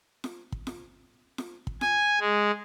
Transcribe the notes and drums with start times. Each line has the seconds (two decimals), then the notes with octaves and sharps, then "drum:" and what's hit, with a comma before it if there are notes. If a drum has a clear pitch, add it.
0.24 drum: snare F4
0.52 drum: kick
0.67 drum: snare F4
1.38 drum: snare F4
1.67 drum: kick
1.81 G#5, drum: snare F4
2.20 G#3